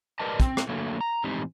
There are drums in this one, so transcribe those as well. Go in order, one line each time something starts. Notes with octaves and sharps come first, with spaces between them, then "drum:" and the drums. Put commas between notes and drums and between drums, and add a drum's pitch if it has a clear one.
G4 A#4 B4 D5 D#5 A5
C4, drum: kick, hi-hat
drum: rim click
D3 F#3 A3 A#3
A#5
A2 E3 G#3 C4 D#4 G4